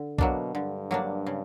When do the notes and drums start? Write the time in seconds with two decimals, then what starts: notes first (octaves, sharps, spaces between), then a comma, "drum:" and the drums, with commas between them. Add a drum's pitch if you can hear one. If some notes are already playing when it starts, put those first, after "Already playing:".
Already playing: D3
0.18 B2 F#3 A#3 D4, drum: kick B1
0.55 G2 D3
0.91 F#3 A#3 D4
1.27 C#3